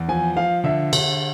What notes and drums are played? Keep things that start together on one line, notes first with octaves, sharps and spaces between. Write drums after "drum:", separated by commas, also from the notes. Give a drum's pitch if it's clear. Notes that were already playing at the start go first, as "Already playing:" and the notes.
Already playing: E2
F3 G#5
F3 F5
D3 E5
D3, drum: cymbal